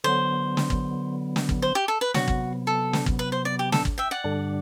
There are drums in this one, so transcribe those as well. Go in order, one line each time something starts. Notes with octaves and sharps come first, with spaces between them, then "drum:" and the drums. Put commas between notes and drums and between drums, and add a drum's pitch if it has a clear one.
D3 F#3 B3 C5
drum: snare
drum: kick
drum: snare
drum: kick
C5
G4
A4
B4
C3 F#3 B3 F#4, drum: snare
drum: kick
A4
drum: snare
drum: kick
B4
C5
D5
G4
A4, drum: snare
drum: kick
E5 G5
D5 F#5
G2 D3 G3 D4